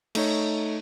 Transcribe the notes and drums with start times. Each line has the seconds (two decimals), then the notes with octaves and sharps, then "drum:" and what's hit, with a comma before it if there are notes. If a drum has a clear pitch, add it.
0.15 A3 D#4 C#5, drum: cymbal